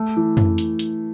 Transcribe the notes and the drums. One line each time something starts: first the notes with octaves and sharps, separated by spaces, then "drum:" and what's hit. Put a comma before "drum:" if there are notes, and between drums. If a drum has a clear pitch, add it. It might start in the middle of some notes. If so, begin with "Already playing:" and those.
Already playing: A3
E3
drum: tom
drum: hi-hat
drum: hi-hat